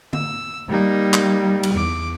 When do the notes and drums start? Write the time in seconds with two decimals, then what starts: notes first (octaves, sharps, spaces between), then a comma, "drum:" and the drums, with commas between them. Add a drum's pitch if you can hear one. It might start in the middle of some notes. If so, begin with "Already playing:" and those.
0.13 E6, drum: tom D3
0.70 G3 A#3 D#4
1.13 drum: clap
1.63 drum: cymbal
1.76 E2 D6